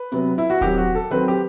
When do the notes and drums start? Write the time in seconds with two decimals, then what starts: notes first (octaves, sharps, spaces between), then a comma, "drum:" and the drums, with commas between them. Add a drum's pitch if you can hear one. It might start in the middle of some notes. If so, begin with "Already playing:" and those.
Already playing: B4
0.12 C3 F#3 B3, drum: hi-hat
0.38 E4, drum: hi-hat
0.50 F#4
0.61 D#3 F#3 C4 G4, drum: kick D#1, hi-hat
0.78 F#4
0.95 A4
1.11 D#3 F#3 C4 B4, drum: hi-hat
1.28 G4